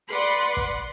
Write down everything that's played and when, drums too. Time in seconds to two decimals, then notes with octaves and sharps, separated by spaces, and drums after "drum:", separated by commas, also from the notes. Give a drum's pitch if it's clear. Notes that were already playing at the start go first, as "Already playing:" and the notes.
0.10 B4 D5 F#5 B5 C6, drum: hi-hat
0.57 drum: kick